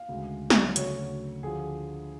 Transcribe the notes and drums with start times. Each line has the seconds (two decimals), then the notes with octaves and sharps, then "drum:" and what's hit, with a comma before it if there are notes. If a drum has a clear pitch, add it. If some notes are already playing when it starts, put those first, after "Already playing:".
Already playing: F5
0.09 D2 C#3 G#3
0.50 drum: snare
0.76 D2 C#3 F#3 A3 C#5, drum: hi-hat
1.43 D2 D3 F3 G#4